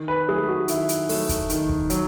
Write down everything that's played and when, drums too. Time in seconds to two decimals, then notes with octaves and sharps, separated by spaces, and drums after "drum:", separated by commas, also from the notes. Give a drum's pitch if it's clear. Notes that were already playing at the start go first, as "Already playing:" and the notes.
Already playing: D#3
0.08 B4
0.28 F#3 A3 G#4
0.48 F#4
0.68 D#3 E4, drum: hi-hat
0.89 drum: hi-hat
1.09 F#3 A3, drum: open hi-hat
1.29 drum: kick, hi-hat
1.50 D#3, drum: hi-hat
1.69 drum: kick
1.90 F#3, drum: hi-hat